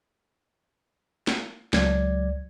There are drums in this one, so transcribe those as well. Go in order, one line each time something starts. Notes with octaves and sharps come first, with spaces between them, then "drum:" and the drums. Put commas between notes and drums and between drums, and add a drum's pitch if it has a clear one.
drum: snare
C#2 F#3 D5 G#6, drum: snare